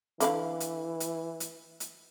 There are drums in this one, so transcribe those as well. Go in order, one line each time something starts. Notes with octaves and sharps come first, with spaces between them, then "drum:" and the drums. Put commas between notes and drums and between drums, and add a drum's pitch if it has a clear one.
D3 E3 E4 F5, drum: hi-hat
drum: hi-hat
drum: hi-hat
drum: hi-hat
drum: hi-hat